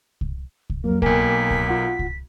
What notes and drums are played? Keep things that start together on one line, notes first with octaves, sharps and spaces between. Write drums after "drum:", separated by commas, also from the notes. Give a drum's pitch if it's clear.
drum: kick C2
drum: kick C2
F2 F#3 A#3 A#4
B1 A#3 A#4 G5 G#5 B6, drum: kick C2
drum: kick C2
F4 F#5
drum: kick C2